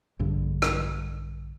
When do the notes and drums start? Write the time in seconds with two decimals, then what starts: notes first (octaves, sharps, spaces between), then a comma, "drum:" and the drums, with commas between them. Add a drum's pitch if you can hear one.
0.19 A#1 G2 D3
0.62 drum: rim click